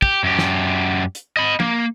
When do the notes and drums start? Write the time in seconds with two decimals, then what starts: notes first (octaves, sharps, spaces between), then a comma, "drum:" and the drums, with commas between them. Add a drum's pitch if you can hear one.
0.02 G4, drum: kick
0.24 F#2 G4
0.39 drum: snare
1.15 drum: hi-hat
1.37 D#5 B5
1.60 A#3, drum: tom